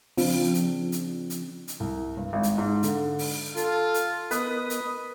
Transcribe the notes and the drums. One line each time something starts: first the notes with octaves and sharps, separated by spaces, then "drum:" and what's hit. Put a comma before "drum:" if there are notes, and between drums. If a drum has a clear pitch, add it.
C#3 F3 C4 D4, drum: open hi-hat
drum: hi-hat
drum: hi-hat
drum: hi-hat
drum: hi-hat
C2
G2
G#1
drum: hi-hat
G#2
D3, drum: hi-hat
drum: open hi-hat
F4 A4, drum: hi-hat
drum: hi-hat
B3 A#4 B4 D#5 D#6, drum: hi-hat
drum: hi-hat